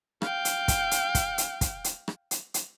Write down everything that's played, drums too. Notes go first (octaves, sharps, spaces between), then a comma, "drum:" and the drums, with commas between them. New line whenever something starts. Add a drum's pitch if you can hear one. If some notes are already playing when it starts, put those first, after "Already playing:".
F5 G5, drum: rim click
drum: hi-hat
drum: kick, hi-hat
drum: hi-hat
drum: kick, hi-hat
drum: hi-hat
drum: kick, hi-hat
drum: hi-hat
drum: rim click
drum: hi-hat
drum: hi-hat